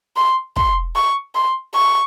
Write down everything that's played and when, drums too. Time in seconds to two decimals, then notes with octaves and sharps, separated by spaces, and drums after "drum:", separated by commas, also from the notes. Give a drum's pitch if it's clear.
0.17 C6
0.56 C6, drum: kick
0.95 C#6
1.35 C6
1.74 C#6